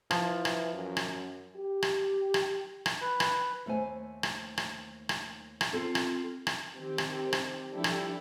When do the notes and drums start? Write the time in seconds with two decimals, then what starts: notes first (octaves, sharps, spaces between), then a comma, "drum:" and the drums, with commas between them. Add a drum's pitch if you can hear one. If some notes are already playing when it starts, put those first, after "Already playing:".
0.11 E3 F3, drum: rim click
0.45 drum: rim click
0.73 F#2
0.97 drum: rim click
1.56 G4
1.82 drum: rim click
2.34 drum: rim click
2.86 drum: rim click
3.01 B4
3.20 drum: rim click
3.66 D#2 A3 C5 G#5
4.23 drum: rim click
4.58 drum: rim click
5.09 drum: rim click
5.61 drum: rim click
5.73 C4 F4 A4
5.95 drum: rim click
6.47 drum: rim click
6.77 D#3 C4 G4
6.98 drum: rim click
7.33 drum: rim click
7.72 F3 G3 D4 E4 G4 A4
7.84 drum: rim click